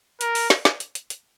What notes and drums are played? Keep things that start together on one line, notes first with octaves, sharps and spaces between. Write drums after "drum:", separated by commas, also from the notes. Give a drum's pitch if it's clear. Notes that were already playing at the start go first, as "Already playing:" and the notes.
A#4, drum: hi-hat
drum: open hi-hat
drum: snare
drum: snare
drum: hi-hat
drum: hi-hat
drum: hi-hat